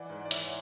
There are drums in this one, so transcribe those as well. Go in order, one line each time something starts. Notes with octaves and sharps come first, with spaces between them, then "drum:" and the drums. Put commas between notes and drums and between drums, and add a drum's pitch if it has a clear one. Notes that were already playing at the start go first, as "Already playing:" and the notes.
Already playing: E3 D5 F#5
G#2
D5
E3 C#5 E5, drum: hi-hat